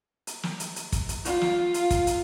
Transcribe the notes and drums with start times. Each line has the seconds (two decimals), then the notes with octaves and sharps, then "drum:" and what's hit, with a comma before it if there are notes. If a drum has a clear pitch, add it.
0.27 drum: hi-hat
0.43 drum: snare
0.60 drum: hi-hat
0.76 drum: hi-hat
0.92 drum: kick, hi-hat
1.09 drum: hi-hat
1.25 F4, drum: hi-hat
1.41 drum: snare
1.74 drum: hi-hat
1.91 drum: kick, hi-hat
2.07 drum: hi-hat